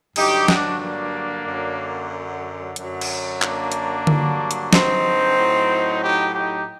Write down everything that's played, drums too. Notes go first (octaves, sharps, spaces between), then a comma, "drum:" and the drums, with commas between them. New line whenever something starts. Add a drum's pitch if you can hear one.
G2 D3 F#3 D#4 G4, drum: cymbal
D4 F#4, drum: snare
A#3 D4
F#2 D3 F#3
F#2 D3 F#3, drum: hi-hat
drum: cymbal
A#3 D4, drum: clap
drum: hi-hat
G2 D3 F#3, drum: tom D3
drum: hi-hat
C4 D#4, drum: snare
A2 F#3
D#4 G4
D#4 G4